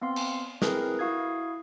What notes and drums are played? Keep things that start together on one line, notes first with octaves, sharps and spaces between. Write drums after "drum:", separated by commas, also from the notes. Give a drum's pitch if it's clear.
B3 C4 F5 C6
drum: cymbal
C4 E4 G#4 A#4 B4, drum: snare
E4 F#4 F5 D#6 G#6